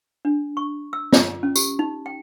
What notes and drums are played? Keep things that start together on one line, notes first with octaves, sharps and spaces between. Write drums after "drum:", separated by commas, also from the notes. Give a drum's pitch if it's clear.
D4
C#6
E6
F4, drum: snare
C#4
G4, drum: tambourine
D#4
G5